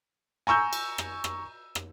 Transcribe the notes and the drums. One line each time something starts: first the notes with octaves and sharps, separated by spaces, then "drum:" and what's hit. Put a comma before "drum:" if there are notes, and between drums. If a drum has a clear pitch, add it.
G#5 A#5 C#6 E6 G6
drum: cymbal
drum: rim click
drum: rim click
drum: rim click